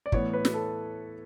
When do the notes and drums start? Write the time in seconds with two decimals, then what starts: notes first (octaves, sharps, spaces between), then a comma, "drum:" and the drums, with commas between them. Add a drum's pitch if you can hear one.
0.06 D5
0.12 A2 E3 B3 C#5, drum: kick
0.33 B4
0.45 drum: snare
0.54 A4